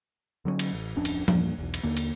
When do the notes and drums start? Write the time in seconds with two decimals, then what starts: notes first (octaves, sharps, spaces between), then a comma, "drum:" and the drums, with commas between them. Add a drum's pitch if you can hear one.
0.45 D3 F#3 A3 C#4
0.59 drum: cymbal
0.73 A1
0.96 D1 F2 C#4 D4
1.05 drum: cymbal
1.28 E2 G2 A#2, drum: tom F3
1.58 B1 E2
1.74 drum: cymbal
1.83 D#2 D3 A#3
1.97 drum: cymbal